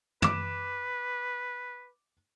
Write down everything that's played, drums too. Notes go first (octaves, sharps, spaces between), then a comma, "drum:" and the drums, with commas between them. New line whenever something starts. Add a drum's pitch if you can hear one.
B4 D6 E7, drum: tom